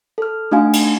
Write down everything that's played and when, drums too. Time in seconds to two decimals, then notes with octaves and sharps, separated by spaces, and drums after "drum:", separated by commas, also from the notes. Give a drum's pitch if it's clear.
0.18 A4 F6
0.51 A3 D4 D#4 F#4 F5 G#5
0.73 drum: cymbal